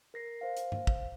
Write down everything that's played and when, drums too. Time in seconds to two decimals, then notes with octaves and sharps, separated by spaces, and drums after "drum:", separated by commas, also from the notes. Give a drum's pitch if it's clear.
0.14 A#4 A#6 C7
0.41 C5 F5
0.57 drum: hi-hat
0.72 drum: tom G2
0.87 drum: kick